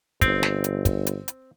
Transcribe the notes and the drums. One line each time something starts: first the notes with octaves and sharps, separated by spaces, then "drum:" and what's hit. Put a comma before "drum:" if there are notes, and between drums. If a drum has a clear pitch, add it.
G1 C4, drum: kick, hi-hat
drum: snare
drum: hi-hat
drum: kick, hi-hat
drum: hi-hat
drum: hi-hat